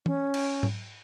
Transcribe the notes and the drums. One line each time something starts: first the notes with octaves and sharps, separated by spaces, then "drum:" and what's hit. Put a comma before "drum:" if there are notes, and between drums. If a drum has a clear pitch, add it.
C#4, drum: tom
drum: cymbal
drum: tom G#2